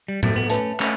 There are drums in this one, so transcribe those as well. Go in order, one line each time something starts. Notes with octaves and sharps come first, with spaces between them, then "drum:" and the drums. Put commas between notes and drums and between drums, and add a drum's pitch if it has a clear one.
G3
A3, drum: tom A2
B3
A3 C#4 B4 E5 A5, drum: hi-hat
A3 C#4, drum: clap